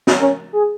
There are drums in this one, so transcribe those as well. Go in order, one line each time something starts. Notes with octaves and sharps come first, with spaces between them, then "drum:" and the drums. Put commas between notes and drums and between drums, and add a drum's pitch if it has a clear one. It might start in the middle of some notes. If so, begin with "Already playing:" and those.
drum: snare
C#4 A#4
G#4